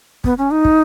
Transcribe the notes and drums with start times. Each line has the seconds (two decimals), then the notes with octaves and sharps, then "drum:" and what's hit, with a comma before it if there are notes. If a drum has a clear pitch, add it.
0.24 B3, drum: kick
0.38 C#4
0.51 D#4
0.65 drum: kick